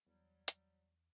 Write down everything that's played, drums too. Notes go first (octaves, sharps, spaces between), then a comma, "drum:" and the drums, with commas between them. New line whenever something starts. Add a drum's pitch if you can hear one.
E2 F#3 G3
drum: hi-hat